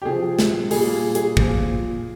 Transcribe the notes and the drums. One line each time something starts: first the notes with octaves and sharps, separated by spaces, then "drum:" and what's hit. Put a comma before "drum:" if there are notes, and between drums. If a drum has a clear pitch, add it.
G4
C3 F3 G#4
drum: snare
G3 G#4, drum: open hi-hat
A#2
G#4, drum: hi-hat
A#2 F3, drum: kick